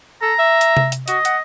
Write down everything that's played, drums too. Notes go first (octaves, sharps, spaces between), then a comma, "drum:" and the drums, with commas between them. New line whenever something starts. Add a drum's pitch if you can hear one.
A4 A#5
E5
drum: hi-hat
drum: tom C3
drum: hi-hat
F#4 D#5, drum: hi-hat
F#5, drum: hi-hat